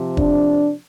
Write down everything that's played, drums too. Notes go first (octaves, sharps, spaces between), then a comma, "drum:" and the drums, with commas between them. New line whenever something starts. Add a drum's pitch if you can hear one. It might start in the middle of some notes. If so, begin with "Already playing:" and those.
Already playing: C3 F3
D4, drum: kick